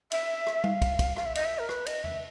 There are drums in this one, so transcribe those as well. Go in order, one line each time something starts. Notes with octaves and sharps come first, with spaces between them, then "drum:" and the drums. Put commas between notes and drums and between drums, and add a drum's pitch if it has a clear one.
E5, drum: cymbal
drum: rim click
F5, drum: tom G3
drum: kick, cymbal
drum: kick, cymbal
F5, drum: rim click
E5
D#5, drum: cymbal
E5
A#4
B4, drum: rim click
D#5, drum: cymbal
E5, drum: tom E2